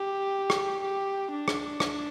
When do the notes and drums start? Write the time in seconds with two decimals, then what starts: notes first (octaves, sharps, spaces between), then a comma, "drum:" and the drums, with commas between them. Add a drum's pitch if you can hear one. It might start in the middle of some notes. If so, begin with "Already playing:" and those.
Already playing: G4
0.50 drum: rim click
0.83 G4
1.32 D4
1.48 drum: rim click
1.80 drum: rim click